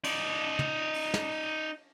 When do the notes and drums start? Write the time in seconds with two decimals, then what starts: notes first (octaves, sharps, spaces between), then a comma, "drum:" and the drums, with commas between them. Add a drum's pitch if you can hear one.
0.04 D#4 D5, drum: cymbal
0.59 drum: tom
0.94 drum: open hi-hat
1.14 drum: snare